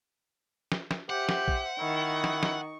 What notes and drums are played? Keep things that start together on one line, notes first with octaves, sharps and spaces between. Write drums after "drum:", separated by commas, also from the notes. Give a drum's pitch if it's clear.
drum: snare
drum: snare
G4 C5 E5 F#5
drum: snare
drum: kick
D#3 E4 C#6
drum: snare
drum: snare